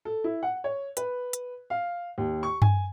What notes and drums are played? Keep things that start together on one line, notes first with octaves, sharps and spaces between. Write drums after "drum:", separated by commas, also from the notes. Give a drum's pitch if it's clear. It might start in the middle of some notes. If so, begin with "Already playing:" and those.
A4
E4
F#5
C#5
B4, drum: hi-hat
drum: hi-hat
F5
D#2
C#6
G#5, drum: tom G2